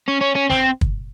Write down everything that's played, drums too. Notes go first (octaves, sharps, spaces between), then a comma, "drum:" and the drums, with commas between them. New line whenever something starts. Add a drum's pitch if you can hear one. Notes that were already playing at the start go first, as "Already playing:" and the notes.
C#4
C#4
C#4
C4, drum: snare
drum: kick